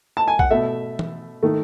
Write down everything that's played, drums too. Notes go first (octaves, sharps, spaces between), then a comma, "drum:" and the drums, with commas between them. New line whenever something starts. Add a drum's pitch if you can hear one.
A5
G#5
F#5, drum: kick
B2 A3 E5
drum: tom
D#3 A3